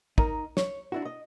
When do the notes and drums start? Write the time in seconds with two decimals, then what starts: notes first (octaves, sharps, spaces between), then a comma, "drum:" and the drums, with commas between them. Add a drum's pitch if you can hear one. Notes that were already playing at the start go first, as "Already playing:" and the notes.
0.18 D#4 A#4, drum: kick
0.57 C#5, drum: snare
0.92 D4 E4 F#4
1.05 D#5